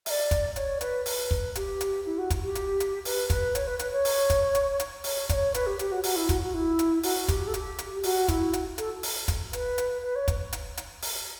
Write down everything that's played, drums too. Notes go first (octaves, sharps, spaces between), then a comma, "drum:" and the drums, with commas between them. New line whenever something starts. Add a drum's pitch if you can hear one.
E5, drum: open hi-hat
D5
drum: kick, hi-hat
C#5, drum: hi-hat
B4, drum: hi-hat
B4, drum: open hi-hat
drum: kick
G4, drum: hi-hat
drum: hi-hat
E4
F#4
drum: kick, hi-hat
G4
drum: hi-hat
drum: hi-hat
B4, drum: open hi-hat
B4, drum: kick, hi-hat
C#5, drum: hi-hat
B4
B4, drum: hi-hat
C#5
drum: open hi-hat
drum: kick, hi-hat
drum: hi-hat
drum: hi-hat
C#5, drum: open hi-hat
D5, drum: kick, hi-hat
C#5
B4, drum: hi-hat
G4
G4, drum: hi-hat
F#4
F#4, drum: open hi-hat
E4
F#4, drum: kick, hi-hat
F#4
E4
drum: hi-hat
F#4, drum: open hi-hat
G4, drum: kick, hi-hat
A4
G4, drum: hi-hat
drum: hi-hat
F#4, drum: open hi-hat
E4, drum: kick, hi-hat
F#4, drum: hi-hat
A4, drum: hi-hat
drum: open hi-hat
drum: kick, hi-hat
B4, drum: hi-hat
drum: hi-hat
B4
C#5
drum: kick, hi-hat
drum: hi-hat
drum: hi-hat
drum: open hi-hat